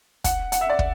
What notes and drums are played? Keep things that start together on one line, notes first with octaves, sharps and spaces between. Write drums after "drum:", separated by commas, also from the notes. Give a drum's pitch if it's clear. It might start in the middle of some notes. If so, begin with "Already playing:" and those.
F#5, drum: kick, hi-hat
F#5, drum: hi-hat
E5
D5
drum: kick